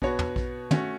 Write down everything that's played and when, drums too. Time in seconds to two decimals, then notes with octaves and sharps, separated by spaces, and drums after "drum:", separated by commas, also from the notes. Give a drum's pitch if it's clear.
0.02 B2 B3 F#4 C#5, drum: kick A#1
0.19 drum: tom
0.36 drum: kick A#1
0.71 A3 C#4 F#4, drum: tom